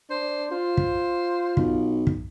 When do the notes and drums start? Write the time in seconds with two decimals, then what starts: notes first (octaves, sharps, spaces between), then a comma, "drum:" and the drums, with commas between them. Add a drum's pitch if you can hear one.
0.10 D4 C5
0.52 F4 C5
0.77 drum: kick
1.57 B1, drum: kick
2.07 drum: kick